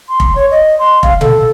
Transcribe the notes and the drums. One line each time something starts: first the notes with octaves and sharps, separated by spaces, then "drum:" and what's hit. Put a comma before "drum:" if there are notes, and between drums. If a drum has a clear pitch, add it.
C6
drum: kick F1
C#5
D#5
C6
F5, drum: kick F1
A4, drum: tom A#2